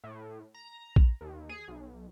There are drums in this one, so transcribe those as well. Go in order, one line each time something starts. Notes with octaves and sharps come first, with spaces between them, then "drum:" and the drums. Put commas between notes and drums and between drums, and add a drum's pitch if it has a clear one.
A2
A#5
drum: kick A#1
D#2
G#4
B1